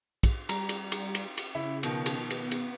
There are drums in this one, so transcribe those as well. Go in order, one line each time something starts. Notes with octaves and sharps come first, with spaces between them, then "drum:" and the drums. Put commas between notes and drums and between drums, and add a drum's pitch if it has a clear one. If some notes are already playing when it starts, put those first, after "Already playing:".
drum: kick, cymbal
G3 A#5, drum: cymbal
drum: cymbal
drum: cymbal
drum: cymbal
drum: cymbal
C#3 E4
B2 D#3 F3, drum: cymbal
drum: cymbal
B3, drum: cymbal
drum: cymbal